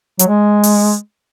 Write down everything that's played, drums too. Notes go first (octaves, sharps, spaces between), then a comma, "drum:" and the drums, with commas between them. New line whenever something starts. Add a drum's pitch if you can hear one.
F#3, drum: hi-hat
G#3
drum: open hi-hat